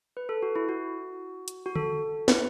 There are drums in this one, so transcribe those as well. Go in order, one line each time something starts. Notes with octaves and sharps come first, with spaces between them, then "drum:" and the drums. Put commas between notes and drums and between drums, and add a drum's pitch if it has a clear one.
B4
A4
F#4
E4
F#4
drum: hi-hat
F#4
A4, drum: tom D3
B4, drum: snare